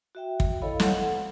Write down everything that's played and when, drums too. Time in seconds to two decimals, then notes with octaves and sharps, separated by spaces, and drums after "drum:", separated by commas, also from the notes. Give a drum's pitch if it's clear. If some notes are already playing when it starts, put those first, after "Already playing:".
0.15 F#4 E5 G5
0.40 drum: kick
0.62 E4 A4 C#5 D#5 F5 B5
0.80 A4 F#5, drum: snare